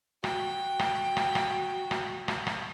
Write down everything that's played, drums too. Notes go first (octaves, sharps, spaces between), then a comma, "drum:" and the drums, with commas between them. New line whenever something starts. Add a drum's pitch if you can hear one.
F#4 G5, drum: rim click
drum: rim click
drum: rim click
drum: rim click
drum: rim click
drum: rim click
drum: rim click